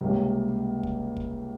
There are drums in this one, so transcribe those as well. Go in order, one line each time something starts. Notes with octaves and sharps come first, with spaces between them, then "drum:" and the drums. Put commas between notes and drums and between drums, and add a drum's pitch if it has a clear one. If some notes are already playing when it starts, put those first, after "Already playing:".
C#2 C3 G3 A#3 C#4
drum: kick
drum: kick